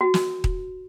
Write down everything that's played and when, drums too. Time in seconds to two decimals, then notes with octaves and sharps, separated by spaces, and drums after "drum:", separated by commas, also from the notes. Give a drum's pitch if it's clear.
0.01 F#4
0.14 drum: snare
0.44 drum: kick D#1